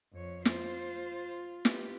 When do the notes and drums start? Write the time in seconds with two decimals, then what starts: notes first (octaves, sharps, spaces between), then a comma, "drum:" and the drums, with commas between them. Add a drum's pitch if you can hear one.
0.12 F2 C#5
0.45 F4 C5, drum: snare
1.65 G4 B4, drum: snare